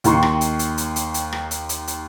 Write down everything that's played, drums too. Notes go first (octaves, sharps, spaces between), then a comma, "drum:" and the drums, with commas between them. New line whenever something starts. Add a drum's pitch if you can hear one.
D#2 D#3 C6 C#6, drum: hi-hat
drum: rim click
drum: hi-hat
drum: hi-hat
drum: hi-hat
drum: hi-hat
drum: hi-hat
drum: rim click
drum: hi-hat
drum: hi-hat
drum: hi-hat